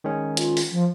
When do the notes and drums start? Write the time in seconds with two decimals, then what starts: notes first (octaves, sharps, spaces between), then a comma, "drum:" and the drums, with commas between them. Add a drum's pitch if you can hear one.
0.04 D#3 G#3 C#4
0.37 F4, drum: hi-hat
0.57 drum: open hi-hat
0.72 F3